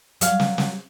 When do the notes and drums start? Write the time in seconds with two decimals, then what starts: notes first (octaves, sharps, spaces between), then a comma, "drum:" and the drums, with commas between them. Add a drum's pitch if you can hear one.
0.21 F#3 F5, drum: hi-hat
0.40 drum: snare
0.58 drum: snare